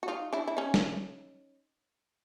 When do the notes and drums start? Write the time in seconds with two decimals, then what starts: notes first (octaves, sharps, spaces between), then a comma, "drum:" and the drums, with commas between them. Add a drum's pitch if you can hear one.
0.03 F#4
0.08 D#4 F4
0.33 D4 E4
0.48 E4
0.57 C#4 D#4
0.74 drum: snare